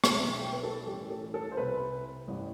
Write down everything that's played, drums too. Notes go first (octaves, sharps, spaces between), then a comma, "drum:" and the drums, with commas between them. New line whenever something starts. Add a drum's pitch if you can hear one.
drum: rim click
B1 B2 G3 E5
G5
B4
A4
A1 A2 G3 G4
A4
A4
C5
C2 C3 G3 B4
A1 G2 E3